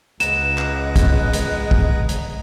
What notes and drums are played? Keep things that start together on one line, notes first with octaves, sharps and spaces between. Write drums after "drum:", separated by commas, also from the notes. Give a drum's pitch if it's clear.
C#2 G#3 B4 F#5 A#5 E7, drum: hi-hat
drum: clap
drum: kick, hi-hat
drum: hi-hat
drum: kick
drum: hi-hat